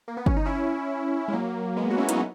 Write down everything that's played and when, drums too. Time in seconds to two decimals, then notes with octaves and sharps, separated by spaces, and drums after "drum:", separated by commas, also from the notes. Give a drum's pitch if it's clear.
0.08 A#3
0.17 B3
0.26 C#4, drum: kick
0.36 D#4
0.45 C#4 E4
1.28 G#3
1.33 F#3 A#3
1.76 G#3 B3
1.90 F#4
1.98 C#4 E4
2.09 B3 D#4, drum: hi-hat